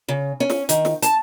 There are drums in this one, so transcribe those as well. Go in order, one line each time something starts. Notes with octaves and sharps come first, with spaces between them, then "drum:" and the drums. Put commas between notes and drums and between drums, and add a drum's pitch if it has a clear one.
C#3
C#4
drum: snare
D#3, drum: hi-hat
drum: snare
A5, drum: hi-hat